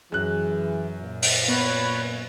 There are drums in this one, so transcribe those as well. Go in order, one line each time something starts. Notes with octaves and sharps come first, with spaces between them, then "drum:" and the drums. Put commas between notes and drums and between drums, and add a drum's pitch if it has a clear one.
F#2 E3 G#4 F#6
A#2
drum: open hi-hat
B3 B4 C#5